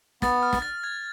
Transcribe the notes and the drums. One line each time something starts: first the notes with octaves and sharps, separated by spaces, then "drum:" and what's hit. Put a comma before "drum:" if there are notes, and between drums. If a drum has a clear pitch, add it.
B3 A6, drum: snare
F6
drum: snare
A6
G#6